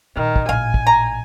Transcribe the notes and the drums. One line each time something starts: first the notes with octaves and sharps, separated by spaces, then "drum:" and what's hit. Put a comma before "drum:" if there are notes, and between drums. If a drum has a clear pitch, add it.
A#2 D#3
drum: kick
A1 A#2 F5 G#5
drum: kick
A#5